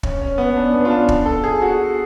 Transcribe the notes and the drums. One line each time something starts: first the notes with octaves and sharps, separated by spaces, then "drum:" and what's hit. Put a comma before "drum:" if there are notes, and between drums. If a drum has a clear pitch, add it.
C#4, drum: kick
C#4
B3
D4
B3
F4
D4
drum: kick
A4
G#4
F#4